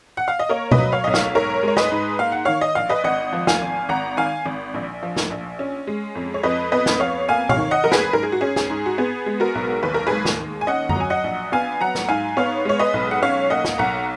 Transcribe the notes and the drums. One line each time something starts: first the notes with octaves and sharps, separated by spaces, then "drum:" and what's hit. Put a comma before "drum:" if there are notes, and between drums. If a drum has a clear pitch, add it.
F#5
F5
D#5
A#3 A#4 C#5
B4 D#5, drum: tom B2
F#3
C#5 F5
B1 D#5
C#5 F5, drum: snare
G#2 A#4 C#5
G#3 C#5
B4 D#5, drum: snare
G#2
A#3 F5
F#5
D#3 C#5 F5
D#5
A#1 F5
B4 D#5
G#1 D#5 F#5
F3
F5 G#5, drum: snare
G#1
G#1 F#5 A#5
D#3 F5 G#5
G#1
A#1
F3
drum: snare
A#1
C#4
G#3
F2
C#5
F2 B4 D#5
B3 B4 D#5
drum: snare
F2 C#5 F5
A#3 F5 G#5
C#5 F5, drum: tom B2
D#3
D#5 F#5
F#1 A#4
G#4 B4, drum: snare
G#2 A#4
G#4
F#4
C#4 G#4
G#4, drum: snare
G#2
F#4
B3 G#4
G#3
F#4 A#4
B1
D#2 B4
A#4
G#3 G#4 B4
drum: snare
D#2
G#5
C#4 D#5 F#5
A#5, drum: tom F#2
F#3 G#5
D#5 F#5
A#1
B3 F5 G#5
F#3 F#5 A#5
drum: snare
G#2 F5 G#5
B3 C#5 F5
G#3 C#5
B4 D#5
B1
F#5
C#4 C#5 F5
A#3 D#5 F#5
drum: snare
B1 F#5 A#5